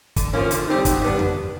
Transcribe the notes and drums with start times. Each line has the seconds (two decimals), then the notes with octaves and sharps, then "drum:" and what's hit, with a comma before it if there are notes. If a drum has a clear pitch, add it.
0.16 D3, drum: kick, hi-hat
0.33 F3 A#3 C#4
0.51 D3, drum: hi-hat
0.68 G3 C4 D#4
0.85 B2, drum: kick, hi-hat
1.02 G3 B3 D4
1.19 drum: tom E2